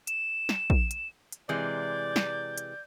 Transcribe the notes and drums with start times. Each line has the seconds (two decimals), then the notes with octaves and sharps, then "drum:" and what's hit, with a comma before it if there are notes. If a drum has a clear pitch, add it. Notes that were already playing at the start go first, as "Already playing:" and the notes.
0.07 E7, drum: hi-hat
0.49 drum: snare
0.70 drum: kick
0.91 drum: hi-hat
1.32 drum: hi-hat
1.49 C3 E3 G#3 D5 G6
2.16 drum: snare
2.58 drum: hi-hat